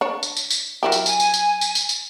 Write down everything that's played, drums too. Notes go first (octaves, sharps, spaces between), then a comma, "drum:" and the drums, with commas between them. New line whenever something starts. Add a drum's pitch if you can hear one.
D4 C#5
drum: tambourine
drum: tambourine
drum: tambourine
F#3 E4 G4 A#4
drum: tambourine
G#5, drum: tambourine
drum: tambourine
drum: tambourine
drum: tambourine
drum: tambourine
drum: tambourine